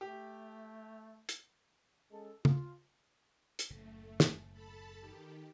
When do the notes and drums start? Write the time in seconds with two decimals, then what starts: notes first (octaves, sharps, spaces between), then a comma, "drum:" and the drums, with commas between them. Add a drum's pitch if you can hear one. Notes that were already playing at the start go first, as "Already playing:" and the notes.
0.01 A3 G4
1.29 drum: hi-hat
2.11 G#3 C#4 A4
2.45 F4, drum: tom
3.59 drum: hi-hat
3.70 F#1 A2 C#3 A3
4.20 drum: snare
4.52 A4 A5 B5
4.99 D#3 G4